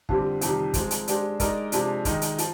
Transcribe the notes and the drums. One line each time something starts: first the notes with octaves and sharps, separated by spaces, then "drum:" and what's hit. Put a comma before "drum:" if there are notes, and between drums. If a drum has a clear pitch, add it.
F2 D3 G3 C4 G4, drum: kick
F2 C3 D#3 G3, drum: hi-hat
F3 G#3 C4, drum: kick, hi-hat
drum: hi-hat
G#3 D4 G4 C5, drum: hi-hat
G#3 D#4 A#4 D5, drum: kick, hi-hat
C3 F3 G#3 D4, drum: hi-hat
D#3 G#3 D#4, drum: kick, hi-hat
drum: hi-hat
F3, drum: hi-hat